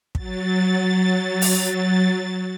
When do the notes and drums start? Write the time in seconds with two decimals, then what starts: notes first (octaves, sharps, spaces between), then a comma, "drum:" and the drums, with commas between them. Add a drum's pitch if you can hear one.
0.15 F#3 A6, drum: kick
1.42 drum: open hi-hat